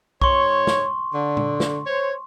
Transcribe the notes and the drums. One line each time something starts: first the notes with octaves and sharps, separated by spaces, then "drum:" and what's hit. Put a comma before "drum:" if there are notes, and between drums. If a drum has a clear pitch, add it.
G#2 C#5 C6 C#6, drum: kick B1
drum: snare
D3
drum: tom A#2
drum: snare
C5 C#5